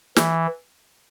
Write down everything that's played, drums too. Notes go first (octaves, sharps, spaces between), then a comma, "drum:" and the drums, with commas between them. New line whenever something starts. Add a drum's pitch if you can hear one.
E3, drum: snare